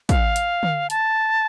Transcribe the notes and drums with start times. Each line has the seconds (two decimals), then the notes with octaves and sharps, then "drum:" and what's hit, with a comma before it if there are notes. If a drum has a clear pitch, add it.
0.09 F5, drum: kick, hi-hat
0.36 drum: hi-hat
0.63 drum: tom D3
0.90 A5, drum: hi-hat